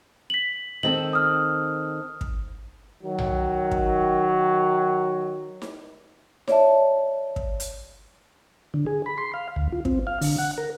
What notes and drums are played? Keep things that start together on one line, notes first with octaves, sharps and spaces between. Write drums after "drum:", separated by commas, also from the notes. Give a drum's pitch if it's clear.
B6 F#7
D#3 C4 A4 F#7
D#6 F6
drum: kick
D#3 F#3
drum: tom B1
drum: kick
drum: snare D#4
C#5 D5 E5 A5, drum: snare D#4
drum: kick
drum: hi-hat
D3
G#4
B5
C6
F5
D2
F4
C4, drum: kick
F5
D3, drum: open hi-hat
F#5
A#4